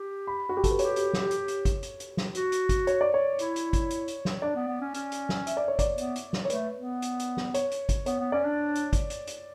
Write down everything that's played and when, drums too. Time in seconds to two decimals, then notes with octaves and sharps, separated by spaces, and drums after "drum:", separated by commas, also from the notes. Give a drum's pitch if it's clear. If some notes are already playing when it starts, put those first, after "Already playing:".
Already playing: G4
0.27 B5
0.49 F#4
0.57 G4
0.64 A4, drum: kick, hi-hat
0.71 B4
0.79 G4 C#5, drum: hi-hat
0.96 drum: hi-hat
1.13 drum: snare
1.31 drum: hi-hat
1.48 drum: hi-hat
1.65 drum: kick, hi-hat
1.83 drum: hi-hat
2.00 drum: hi-hat
2.17 drum: snare
2.35 F#4, drum: hi-hat
2.52 drum: hi-hat
2.69 drum: kick, hi-hat
2.87 C#5, drum: hi-hat
3.01 D5
3.14 C#5
3.39 E4, drum: hi-hat
3.56 drum: hi-hat
3.73 drum: kick, hi-hat
3.90 drum: hi-hat
4.08 drum: hi-hat
4.25 drum: snare
4.42 D4 D5
4.55 B3
4.68 B3
4.81 C#4
4.94 C#4, drum: hi-hat
5.12 drum: hi-hat
5.29 drum: snare
5.47 E5, drum: hi-hat
5.57 D5
5.68 C#5
5.79 D5, drum: kick, hi-hat
5.98 B3, drum: hi-hat
6.16 drum: hi-hat
6.33 drum: snare
6.45 C#5
6.50 A3 B4, drum: hi-hat
6.76 B3
7.02 drum: hi-hat
7.20 drum: hi-hat
7.37 drum: snare
7.54 C#5, drum: hi-hat
7.71 drum: hi-hat
7.89 drum: kick, hi-hat
8.06 B3 C#5, drum: hi-hat
8.20 B3
8.32 C#4 D5
8.45 D4
8.75 drum: hi-hat
8.93 drum: kick, hi-hat
9.10 drum: hi-hat
9.27 drum: hi-hat